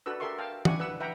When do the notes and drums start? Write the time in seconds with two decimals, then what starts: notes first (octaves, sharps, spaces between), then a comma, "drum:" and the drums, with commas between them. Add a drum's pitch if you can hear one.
0.06 D4 F#4 A4 B4 E6
0.20 G4 A4 A#4 E5 C6 C#6
0.38 F5 G5 A5
0.65 D4 E4 G4 F#5 G#5 C#6, drum: tom
0.80 B4 F#5 E6
1.00 B4 E5 F#5 G5 A#5